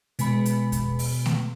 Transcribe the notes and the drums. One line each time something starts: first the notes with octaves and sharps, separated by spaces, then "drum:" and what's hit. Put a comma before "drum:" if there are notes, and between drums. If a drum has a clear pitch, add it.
B2 G#3 B5, drum: hi-hat
drum: hi-hat
drum: kick E2, hi-hat
drum: open hi-hat
drum: snare A3